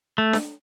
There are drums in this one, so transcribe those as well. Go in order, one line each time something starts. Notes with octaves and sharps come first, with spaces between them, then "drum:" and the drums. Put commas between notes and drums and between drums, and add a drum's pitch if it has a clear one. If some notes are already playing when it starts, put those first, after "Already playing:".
A3
drum: snare D4